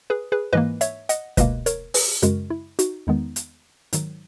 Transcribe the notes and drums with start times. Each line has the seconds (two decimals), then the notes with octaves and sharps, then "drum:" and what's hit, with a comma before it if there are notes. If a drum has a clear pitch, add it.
0.10 G#4 B4
0.32 G#4 B4
0.53 G#2 E3 A#3 B4 D#5
0.81 C#5 E5, drum: hi-hat
1.09 D#5 F#5, drum: hi-hat
1.37 C#2 B2 A#3 B4 D#5, drum: kick, hi-hat
1.66 A#4 C#5, drum: hi-hat
1.94 G#4 B4, drum: open hi-hat
2.22 F#2 C#3 G#3 F#4 A#4, drum: hi-hat
2.50 E4
2.79 D#4 F#4, drum: hi-hat
3.07 E2 D#3 G#3 B3 D#4
3.36 drum: hi-hat
3.93 G#2 D#3 F#3, drum: hi-hat